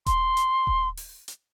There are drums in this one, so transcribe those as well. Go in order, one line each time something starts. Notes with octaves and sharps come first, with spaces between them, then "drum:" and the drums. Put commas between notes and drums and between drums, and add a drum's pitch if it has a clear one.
C6, drum: kick D#1, hi-hat
drum: hi-hat
drum: kick D#1
drum: open hi-hat
drum: hi-hat